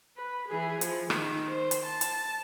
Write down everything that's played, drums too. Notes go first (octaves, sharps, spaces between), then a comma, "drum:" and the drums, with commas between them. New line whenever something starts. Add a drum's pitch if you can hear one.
B4
E3 G#4
F3, drum: hi-hat
D#3, drum: rim click
C5
drum: hi-hat
A5
drum: hi-hat